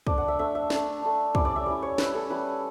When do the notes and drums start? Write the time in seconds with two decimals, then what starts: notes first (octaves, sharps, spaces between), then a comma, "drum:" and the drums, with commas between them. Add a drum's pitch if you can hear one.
0.07 A3 D4 D5, drum: kick
0.18 F#5
0.28 E5
0.39 A3 D4 E5
0.55 E5
0.70 A3 D4, drum: snare
1.03 A3 D4
1.35 G3 C#4 E4 D5, drum: kick
1.45 D5
1.56 E5
1.66 G3 C#4 E4 D5
1.82 C#5
1.98 G3 C#4 E4 B4, drum: snare
2.15 A4
2.30 G3 C#4 E4 B4